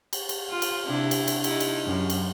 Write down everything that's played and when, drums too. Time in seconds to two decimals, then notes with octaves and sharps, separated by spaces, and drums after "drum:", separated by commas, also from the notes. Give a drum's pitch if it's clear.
0.13 drum: cymbal
0.29 drum: cymbal
0.50 F4
0.62 drum: cymbal
0.87 C3 D4 E4
1.11 drum: cymbal
1.28 drum: cymbal
1.44 D#4 E4, drum: cymbal
1.60 drum: cymbal
1.85 F#2
2.10 drum: cymbal